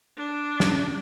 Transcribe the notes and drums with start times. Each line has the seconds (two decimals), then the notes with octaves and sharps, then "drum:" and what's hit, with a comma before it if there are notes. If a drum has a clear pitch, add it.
0.17 D4
0.60 C#4, drum: snare